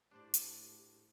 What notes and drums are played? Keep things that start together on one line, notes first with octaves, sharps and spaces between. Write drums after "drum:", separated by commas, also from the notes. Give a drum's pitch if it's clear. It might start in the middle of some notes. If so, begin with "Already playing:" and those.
A2 D4 G4 C5 D5
drum: hi-hat